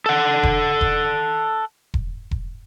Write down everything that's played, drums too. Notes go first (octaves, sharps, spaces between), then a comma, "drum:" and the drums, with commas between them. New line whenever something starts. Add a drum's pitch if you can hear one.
A4 F#5
drum: kick E1
drum: kick E1
drum: kick E1
drum: kick E1